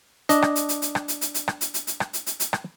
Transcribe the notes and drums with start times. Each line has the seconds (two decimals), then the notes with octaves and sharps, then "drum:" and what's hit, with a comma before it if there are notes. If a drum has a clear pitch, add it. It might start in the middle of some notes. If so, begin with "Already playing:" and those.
0.29 D4 D#5, drum: hi-hat
0.42 drum: rim click
0.56 drum: hi-hat
0.69 drum: hi-hat
0.82 drum: hi-hat
0.95 drum: rim click
1.08 drum: hi-hat
1.21 drum: hi-hat
1.34 drum: hi-hat
1.48 drum: rim click
1.61 drum: hi-hat
1.74 drum: hi-hat
1.87 drum: hi-hat
2.00 drum: rim click
2.13 drum: hi-hat
2.27 drum: hi-hat
2.40 drum: hi-hat
2.53 drum: rim click